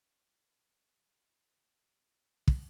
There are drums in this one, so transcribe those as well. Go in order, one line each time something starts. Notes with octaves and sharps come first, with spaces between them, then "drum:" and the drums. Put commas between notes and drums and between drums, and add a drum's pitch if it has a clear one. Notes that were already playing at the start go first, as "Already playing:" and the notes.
E3 F#3 G4 A#4
C#4
drum: kick